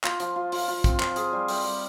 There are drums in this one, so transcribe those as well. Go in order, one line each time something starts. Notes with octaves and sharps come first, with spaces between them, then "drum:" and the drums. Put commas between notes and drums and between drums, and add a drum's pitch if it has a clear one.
F4, drum: clap
F3, drum: hi-hat
F4
F4, drum: open hi-hat
F4
C4, drum: kick, hi-hat
F3, drum: clap
G#4, drum: hi-hat
G3
G3, drum: open hi-hat
G3